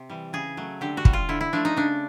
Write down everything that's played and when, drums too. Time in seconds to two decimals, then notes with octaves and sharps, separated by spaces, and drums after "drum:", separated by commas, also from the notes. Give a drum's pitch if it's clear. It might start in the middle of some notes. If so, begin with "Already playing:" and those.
Already playing: C3
0.10 E3 G3
0.33 C#3 G#4
0.57 F#3 A3
0.81 D3 G4
0.97 F#4
1.05 G3, drum: kick
1.13 F4
1.29 D3 E4
1.41 E4
1.53 F3 A3 D4
1.65 D#4
1.76 C#3 D4